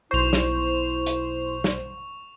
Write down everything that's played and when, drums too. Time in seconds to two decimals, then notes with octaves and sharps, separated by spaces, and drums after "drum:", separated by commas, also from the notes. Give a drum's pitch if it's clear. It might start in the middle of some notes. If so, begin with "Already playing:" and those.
0.11 B1 E4 C5 C#6 F7
0.33 drum: snare
1.06 drum: hi-hat
1.64 drum: snare